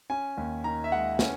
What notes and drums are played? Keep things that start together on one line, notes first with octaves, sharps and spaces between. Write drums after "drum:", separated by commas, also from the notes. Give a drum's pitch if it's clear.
C#4 G#5
D#2
D#3 A#5
E5
G#3 F#5
C#4, drum: snare